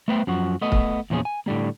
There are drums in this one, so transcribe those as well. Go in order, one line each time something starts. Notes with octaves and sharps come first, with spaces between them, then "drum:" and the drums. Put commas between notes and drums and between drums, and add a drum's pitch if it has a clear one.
A3 B3 B4 C5 G5
F#2 F3 F#4
A3 B3 D#5
drum: kick
E2 A#2 F3 C#4 G#4
G#5
A2 D3 G3 A#3